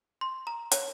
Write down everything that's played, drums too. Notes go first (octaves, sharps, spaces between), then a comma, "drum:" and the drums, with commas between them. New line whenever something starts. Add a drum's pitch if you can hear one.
C6
A#5
C#5, drum: hi-hat